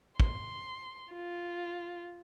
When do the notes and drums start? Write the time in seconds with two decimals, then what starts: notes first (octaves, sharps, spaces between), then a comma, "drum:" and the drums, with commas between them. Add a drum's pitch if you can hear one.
0.20 C6, drum: kick
1.12 F4